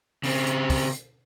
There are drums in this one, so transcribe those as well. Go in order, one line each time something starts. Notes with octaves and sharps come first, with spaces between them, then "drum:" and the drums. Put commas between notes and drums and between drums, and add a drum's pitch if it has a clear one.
C#3 C4, drum: open hi-hat
drum: hi-hat
drum: kick, open hi-hat
drum: hi-hat